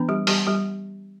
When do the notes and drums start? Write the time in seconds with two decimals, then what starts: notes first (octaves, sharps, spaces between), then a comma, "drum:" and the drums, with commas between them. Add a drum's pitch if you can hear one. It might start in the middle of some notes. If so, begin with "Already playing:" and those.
Already playing: E3 B3 D4
0.09 G3 G4
0.27 G3 G4, drum: open hi-hat
0.46 G3 G4